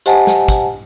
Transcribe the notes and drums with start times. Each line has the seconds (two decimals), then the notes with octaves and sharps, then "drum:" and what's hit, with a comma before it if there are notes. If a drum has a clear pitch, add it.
0.06 G4 C5 D#5 F#5 G#5 A5, drum: hi-hat
0.27 drum: snare
0.48 drum: kick, hi-hat